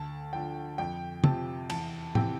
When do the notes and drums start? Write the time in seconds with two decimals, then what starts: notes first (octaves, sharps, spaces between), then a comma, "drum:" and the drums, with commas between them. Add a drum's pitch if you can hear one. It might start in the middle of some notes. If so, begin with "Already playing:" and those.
Already playing: D2 A5
0.33 D3 F3 G5
0.78 F2 G5
1.24 C3 F3 A5, drum: tom
1.70 E2 A5, drum: cymbal
2.15 C3 E3 G5, drum: tom A2